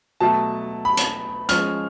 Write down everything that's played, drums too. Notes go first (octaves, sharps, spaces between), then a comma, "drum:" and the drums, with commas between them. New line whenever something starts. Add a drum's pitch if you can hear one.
B2 F#3 A3 A5
B5
drum: hi-hat
F3 G#3 C#4 F6, drum: hi-hat